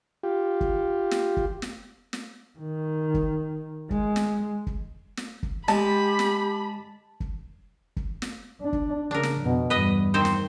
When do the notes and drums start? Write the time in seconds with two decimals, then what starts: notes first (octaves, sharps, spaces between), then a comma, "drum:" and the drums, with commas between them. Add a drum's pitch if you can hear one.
0.23 F4 G4
0.61 drum: kick
1.11 drum: snare
1.37 drum: kick
1.62 drum: snare
2.13 drum: snare
2.59 D#3
3.14 drum: kick
3.90 G#3, drum: kick
4.16 drum: snare
4.67 drum: kick
5.17 drum: snare
5.43 drum: kick
5.68 G#3 G4 A5 B5, drum: snare
6.19 drum: snare
7.20 drum: kick
7.96 drum: kick
8.22 drum: snare
8.61 D4
8.73 drum: kick
9.11 C#3 D4 A#4
9.23 drum: snare
9.41 F2 B2
9.70 E2 G2 B4 D#5
10.14 D#3 C4 C5
10.25 drum: snare